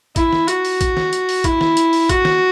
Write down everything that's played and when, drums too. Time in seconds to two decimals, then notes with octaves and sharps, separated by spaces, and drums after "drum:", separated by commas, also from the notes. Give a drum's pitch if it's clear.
0.16 E4, drum: kick, hi-hat
0.33 drum: snare
0.48 F#4, drum: hi-hat
0.65 drum: open hi-hat
0.81 drum: kick, hi-hat
0.97 drum: snare
1.13 drum: hi-hat
1.29 drum: open hi-hat
1.44 E4, drum: kick, hi-hat
1.61 drum: snare
1.77 drum: hi-hat
1.93 drum: open hi-hat
2.09 F#4, drum: kick, hi-hat
2.25 drum: snare